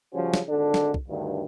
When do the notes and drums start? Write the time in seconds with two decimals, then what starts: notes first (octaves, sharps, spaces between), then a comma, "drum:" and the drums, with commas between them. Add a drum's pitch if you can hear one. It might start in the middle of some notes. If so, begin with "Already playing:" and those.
0.13 C#3 F3 G3 C#4 F#4 C5
0.34 drum: snare
0.48 G#1 D3 D4 A4
0.74 drum: snare
0.94 drum: kick
1.08 D2 G2 D#3